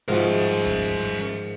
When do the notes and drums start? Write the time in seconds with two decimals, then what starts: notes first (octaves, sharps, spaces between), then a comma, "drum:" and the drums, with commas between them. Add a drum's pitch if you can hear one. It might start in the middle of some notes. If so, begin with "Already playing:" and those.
0.08 G#2 D#3 F3 F#4 A#4 E5, drum: hi-hat
0.37 drum: open hi-hat
0.66 drum: kick, hi-hat
0.95 drum: hi-hat